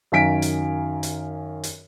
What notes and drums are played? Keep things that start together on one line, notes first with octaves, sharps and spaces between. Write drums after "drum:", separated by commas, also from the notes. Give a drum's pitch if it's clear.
F#2 D#3 F5 G#5 B6 D7
drum: hi-hat
drum: hi-hat
drum: hi-hat